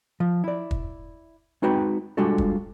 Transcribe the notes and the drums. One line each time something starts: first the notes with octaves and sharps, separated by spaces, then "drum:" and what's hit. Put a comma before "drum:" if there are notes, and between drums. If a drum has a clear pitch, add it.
F3
E4 D5
drum: kick
G#3 C4 D#4 F#4 B4 G5
G3 G#3 D4 F4 F#4 A4
drum: kick